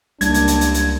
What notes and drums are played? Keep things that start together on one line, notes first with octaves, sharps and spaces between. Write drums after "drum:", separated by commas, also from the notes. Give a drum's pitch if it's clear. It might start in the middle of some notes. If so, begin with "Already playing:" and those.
C#2 G3 A#3 D4 E4 G#6, drum: hi-hat
drum: hi-hat
drum: hi-hat
drum: hi-hat
drum: hi-hat